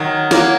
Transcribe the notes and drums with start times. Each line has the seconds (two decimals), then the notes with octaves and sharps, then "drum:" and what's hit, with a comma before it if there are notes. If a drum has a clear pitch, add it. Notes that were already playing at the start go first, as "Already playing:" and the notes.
Already playing: D#3 F#3
0.31 F#3 A#3, drum: snare